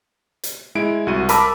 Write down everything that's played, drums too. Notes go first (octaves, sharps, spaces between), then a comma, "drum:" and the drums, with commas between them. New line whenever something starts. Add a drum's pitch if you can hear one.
drum: hi-hat
G#3 E4 D7
C2 F#4 D#7
A#4 A5 B5 D6 E6, drum: hi-hat